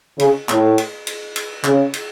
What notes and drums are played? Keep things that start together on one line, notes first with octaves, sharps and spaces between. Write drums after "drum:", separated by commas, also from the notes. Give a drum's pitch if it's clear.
C#3, drum: cymbal
A2, drum: clap
drum: cymbal
drum: cymbal
drum: cymbal
C#3, drum: clap
drum: cymbal